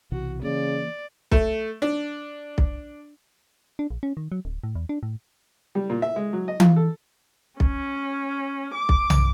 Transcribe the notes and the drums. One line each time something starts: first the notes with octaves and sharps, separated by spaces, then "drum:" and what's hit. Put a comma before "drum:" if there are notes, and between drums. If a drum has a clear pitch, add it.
B1 C3 E3 F#4
C#3 E3 A#3 D5
A3, drum: kick B1
D4
drum: kick B1
D4
A#1
C#4
D#3
F#3
D1
A2
E2
D4
A2
G3
A#2
E5
G#3
F#3
D#5
F4, drum: tom E3
A4
C#4, drum: kick B1
D6
drum: kick B1
drum: tom B1